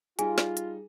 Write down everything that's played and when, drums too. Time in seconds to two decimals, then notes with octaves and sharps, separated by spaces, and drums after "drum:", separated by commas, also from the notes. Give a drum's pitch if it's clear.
0.19 G3 D#4 F4 G#4 G#5, drum: hi-hat
0.38 drum: snare
0.57 drum: hi-hat